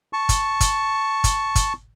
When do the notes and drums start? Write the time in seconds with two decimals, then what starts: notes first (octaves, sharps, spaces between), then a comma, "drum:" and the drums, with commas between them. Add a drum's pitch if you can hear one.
0.13 A5 C#6
0.29 drum: kick, hi-hat
0.60 drum: kick, hi-hat
1.24 drum: kick, hi-hat
1.55 drum: kick, hi-hat